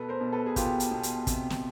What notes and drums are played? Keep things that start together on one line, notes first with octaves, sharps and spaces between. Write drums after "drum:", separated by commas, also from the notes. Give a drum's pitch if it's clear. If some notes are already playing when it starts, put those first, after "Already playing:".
Already playing: B2 A4 B4
A#4 C5
B2
A4 B4
G#4
B2 F4 G4, drum: kick, hi-hat
drum: hi-hat
B2
drum: hi-hat
C3, drum: kick, hi-hat
drum: snare